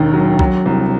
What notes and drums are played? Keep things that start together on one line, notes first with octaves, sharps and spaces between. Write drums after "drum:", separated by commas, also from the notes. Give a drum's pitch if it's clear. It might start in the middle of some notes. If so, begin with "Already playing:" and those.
Already playing: E1 D#2 D#3
F#3
F#3, drum: kick B1
C2